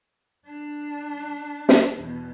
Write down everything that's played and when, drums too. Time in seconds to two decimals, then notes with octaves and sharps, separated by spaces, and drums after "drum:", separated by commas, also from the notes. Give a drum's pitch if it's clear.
0.46 D4
1.69 drum: snare
1.97 E2 B2